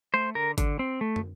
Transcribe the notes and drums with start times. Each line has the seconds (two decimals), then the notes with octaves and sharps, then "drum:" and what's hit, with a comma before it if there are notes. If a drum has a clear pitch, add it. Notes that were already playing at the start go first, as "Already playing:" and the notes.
0.14 A3 C5
0.35 D3 A#4
0.58 D3, drum: kick G#1, hi-hat
0.79 C4
1.01 A3
1.16 drum: tom